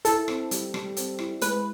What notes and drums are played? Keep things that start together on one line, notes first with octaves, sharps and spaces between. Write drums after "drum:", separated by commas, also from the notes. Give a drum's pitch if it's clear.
E4 A4, drum: hi-hat
C4, drum: rim click
G3, drum: hi-hat
G3, drum: rim click
C4, drum: hi-hat
E4, drum: rim click
G#3 B4, drum: hi-hat